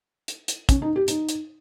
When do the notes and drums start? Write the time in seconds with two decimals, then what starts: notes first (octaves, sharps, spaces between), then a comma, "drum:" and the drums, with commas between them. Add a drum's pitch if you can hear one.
0.28 drum: hi-hat
0.48 drum: hi-hat
0.69 C#4, drum: kick, hi-hat
0.82 D#4
0.96 G4
1.08 D#4, drum: hi-hat
1.29 drum: hi-hat